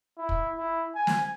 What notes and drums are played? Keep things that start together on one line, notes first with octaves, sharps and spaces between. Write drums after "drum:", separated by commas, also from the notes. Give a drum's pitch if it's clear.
E4
drum: kick
E4
G#5
drum: snare